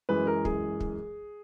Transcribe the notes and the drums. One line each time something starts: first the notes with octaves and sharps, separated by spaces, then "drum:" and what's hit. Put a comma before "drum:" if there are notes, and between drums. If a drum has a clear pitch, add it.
F#2 E3 G#3 B4
A#4
G#4, drum: kick
drum: kick